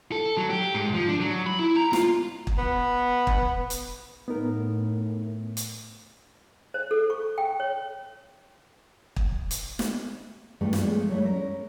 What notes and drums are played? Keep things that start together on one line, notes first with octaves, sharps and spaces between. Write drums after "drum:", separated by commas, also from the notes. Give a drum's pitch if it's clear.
A4
F#3
G4
G#2
F3
D4
F#3
B5
E4
A#5
F4, drum: snare
drum: kick
B3
drum: kick
drum: hi-hat
A2 B3 D#4 A#4
drum: hi-hat
C5
A4
C#6
G5
C#5
drum: kick
drum: hi-hat
drum: snare
G2 E3 F3 G3 A3
drum: snare
F3 G#3 A3
F#3 G3 A3 E4
C#4 A#4